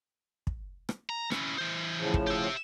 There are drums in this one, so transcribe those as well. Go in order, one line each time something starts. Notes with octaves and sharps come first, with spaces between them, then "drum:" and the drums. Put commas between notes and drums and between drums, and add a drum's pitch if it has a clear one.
drum: kick
drum: rim click
A#5
C#4 E4, drum: rim click
E3 C5
A2 C#3 F3
drum: kick
G4 E5